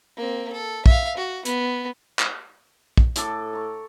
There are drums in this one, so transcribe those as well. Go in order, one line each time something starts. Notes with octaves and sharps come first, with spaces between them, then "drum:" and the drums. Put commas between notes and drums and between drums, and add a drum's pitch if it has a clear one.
A#3 C4
A4
E5 F5, drum: kick
F#4
B3, drum: hi-hat
drum: clap
drum: kick
A2 A4 D6, drum: hi-hat
A#5 C#6